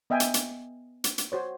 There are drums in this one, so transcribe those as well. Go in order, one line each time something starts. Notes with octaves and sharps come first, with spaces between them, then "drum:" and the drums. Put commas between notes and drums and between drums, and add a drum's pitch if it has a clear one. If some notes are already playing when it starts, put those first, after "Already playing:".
B3 D#5 E5 G5 G#5
drum: hi-hat
drum: hi-hat
drum: hi-hat
drum: hi-hat
F#4 C5 C#5